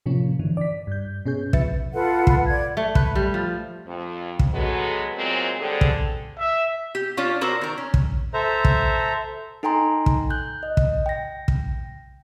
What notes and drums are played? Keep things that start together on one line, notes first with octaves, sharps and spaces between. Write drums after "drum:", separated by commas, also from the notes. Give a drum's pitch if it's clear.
A2 C3 F3 A#3 C#4
G2 D3 E3
D5 B6
G2 G6
B2 C#4 G#4 G6
F3 B4 E5 A6 C#7, drum: kick
F4 A4 B4 F#5
drum: kick
D5 G#6
A3
B4, drum: kick
G3
F3
F2
drum: kick
F#3 G#3 B3 F#4 A4
A#2 F#3 G#3 C4
D3 G3 C4 G#4 A4
drum: kick
E5
G4
C#4 D4 F4 C#5
C4 D4 F#4 A#4 C5
D#3 A#4
C#4
drum: kick
A4 C5 E5 A#5
drum: kick
D#4 A4 G5 G#5 A#5 C6
drum: kick
F#6 G6
D#5
drum: kick
G5 A#6
drum: kick